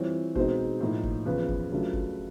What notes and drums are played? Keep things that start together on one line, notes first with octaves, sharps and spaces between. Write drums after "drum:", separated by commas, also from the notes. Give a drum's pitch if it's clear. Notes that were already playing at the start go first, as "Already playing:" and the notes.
Already playing: E3 G3 C4 F4 C#5
B2 G#3 C4 D#4 C5, drum: kick F#1
A2 F3 A#3 D#4
drum: kick F#1
E2 C#3 F3 B4
drum: kick F#1
C#3 F#3 A3 D4 F4
drum: kick F#1